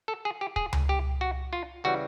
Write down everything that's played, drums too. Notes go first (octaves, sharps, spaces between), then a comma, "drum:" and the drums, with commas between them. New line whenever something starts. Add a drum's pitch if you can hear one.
A4
G#4
G4
G#4, drum: kick
drum: tom C#2
G4
F#4
F4
C#3 E3 G3 F#4